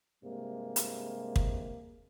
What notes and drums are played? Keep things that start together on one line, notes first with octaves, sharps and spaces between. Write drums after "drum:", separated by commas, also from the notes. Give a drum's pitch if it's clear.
G2 C3 G#3 A#3
drum: hi-hat
drum: kick